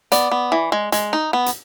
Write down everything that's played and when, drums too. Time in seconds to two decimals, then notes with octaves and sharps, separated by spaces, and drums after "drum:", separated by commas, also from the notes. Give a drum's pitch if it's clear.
0.12 B3 D5, drum: hi-hat
0.31 B3
0.52 E3
0.72 G#3
0.92 G#3, drum: hi-hat
1.13 D#4
1.33 B3
1.46 drum: hi-hat